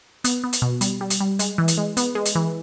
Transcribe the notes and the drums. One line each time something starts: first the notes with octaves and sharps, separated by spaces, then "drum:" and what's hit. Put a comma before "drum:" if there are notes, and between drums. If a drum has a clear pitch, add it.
B3, drum: hi-hat
B3
drum: hi-hat
B2
G3, drum: hi-hat
G3
drum: hi-hat
G3
G#3, drum: hi-hat
E3
drum: hi-hat
G#3
B3, drum: hi-hat
G#3
drum: hi-hat
E3